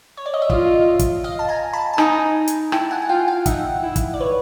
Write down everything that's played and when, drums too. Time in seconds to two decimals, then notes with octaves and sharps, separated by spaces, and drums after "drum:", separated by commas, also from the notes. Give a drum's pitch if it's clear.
0.17 C#5
0.26 D5
0.34 D#5
0.42 E5
0.50 F4 D#5 F5, drum: kick
0.99 drum: kick, hi-hat
1.24 D#5 F5
1.39 A5
1.49 G#5 A#5
1.73 A5 B5
1.93 A5
1.98 D#4 G#5 A#5, drum: rim click
2.48 drum: hi-hat
2.72 E4 G5 A5, drum: rim click
2.91 F#5 G#5
3.02 F#5
3.09 F4 F5 G5
3.28 F5 G5
3.46 D#4 E5 F#5, drum: kick, hi-hat
3.83 E4
3.96 drum: kick, hi-hat
4.14 D5
4.21 B4 C#5